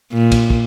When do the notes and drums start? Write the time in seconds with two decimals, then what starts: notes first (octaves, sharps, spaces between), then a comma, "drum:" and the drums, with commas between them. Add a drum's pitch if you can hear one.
0.13 A#2
0.32 drum: kick, cymbal
0.50 drum: kick